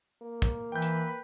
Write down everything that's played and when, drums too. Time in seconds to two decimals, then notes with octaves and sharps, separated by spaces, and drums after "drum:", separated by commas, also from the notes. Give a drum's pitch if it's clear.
0.22 A#3
0.42 drum: kick, hi-hat
0.72 E3 B4 G5 G6
0.82 drum: hi-hat